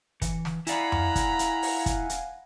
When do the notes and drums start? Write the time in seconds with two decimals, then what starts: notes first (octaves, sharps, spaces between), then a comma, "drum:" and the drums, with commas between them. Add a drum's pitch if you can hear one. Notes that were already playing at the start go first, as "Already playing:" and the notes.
0.22 E3, drum: kick, hi-hat
0.45 drum: snare
0.67 E4 D5 F5 F#5 G#5 A#5 B5, drum: hi-hat
0.92 drum: tom F2
1.16 drum: kick, hi-hat
1.39 drum: hi-hat
1.62 drum: open hi-hat
1.86 drum: kick, hi-hat
2.09 drum: hi-hat